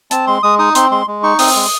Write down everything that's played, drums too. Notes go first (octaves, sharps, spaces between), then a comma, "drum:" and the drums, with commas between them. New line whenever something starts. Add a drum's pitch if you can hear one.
C4 A5, drum: hi-hat
G#3 C6
G#3 D#6
D#4 D#6
C4 C6, drum: hi-hat
G#3 C6
G#3
D#4 C#6
C4 D#6, drum: open hi-hat
G#3